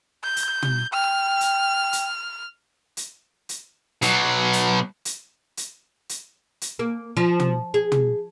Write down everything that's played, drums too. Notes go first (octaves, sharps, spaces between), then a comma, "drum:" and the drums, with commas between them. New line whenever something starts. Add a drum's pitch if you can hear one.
G6
drum: hi-hat
drum: tom
G5 F6
drum: hi-hat
drum: hi-hat
drum: hi-hat
drum: hi-hat
B2 F#3, drum: hi-hat
drum: hi-hat
drum: hi-hat
drum: hi-hat
drum: hi-hat
drum: hi-hat
A#3
F3
drum: tom
G#4
drum: tom